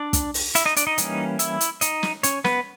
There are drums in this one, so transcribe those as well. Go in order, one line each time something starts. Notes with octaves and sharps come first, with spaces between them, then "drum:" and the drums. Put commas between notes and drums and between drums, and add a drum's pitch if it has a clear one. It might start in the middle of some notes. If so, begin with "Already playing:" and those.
Already playing: D4 D5
drum: kick, hi-hat
drum: open hi-hat
E4 E5, drum: hi-hat
D#4 D#5
D4 D5, drum: hi-hat
D#4 D#5
E3 G3 A#3 C#4, drum: hi-hat
E4 E5, drum: hi-hat
drum: hi-hat
D#4 D#5, drum: hi-hat
drum: snare
C#4 C#5, drum: hi-hat
B3 B4, drum: snare